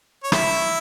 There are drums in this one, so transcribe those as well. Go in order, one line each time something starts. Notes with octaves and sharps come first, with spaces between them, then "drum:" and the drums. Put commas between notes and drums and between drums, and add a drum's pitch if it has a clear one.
C#5
E4 E5, drum: rim click